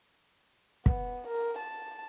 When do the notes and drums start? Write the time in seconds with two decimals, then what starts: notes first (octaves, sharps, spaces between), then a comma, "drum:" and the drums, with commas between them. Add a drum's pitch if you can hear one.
0.86 B3, drum: kick
1.28 A#4
1.58 A5